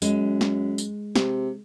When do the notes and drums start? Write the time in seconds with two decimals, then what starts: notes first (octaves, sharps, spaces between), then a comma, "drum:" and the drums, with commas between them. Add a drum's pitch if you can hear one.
0.02 F#2 G#3, drum: tambourine
0.41 drum: snare
0.78 drum: tambourine
1.16 C3, drum: snare